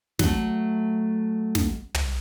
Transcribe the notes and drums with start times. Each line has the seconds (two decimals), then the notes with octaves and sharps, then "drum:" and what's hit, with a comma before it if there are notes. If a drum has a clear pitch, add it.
0.19 F#3 A3, drum: snare
1.55 drum: snare
1.94 drum: tom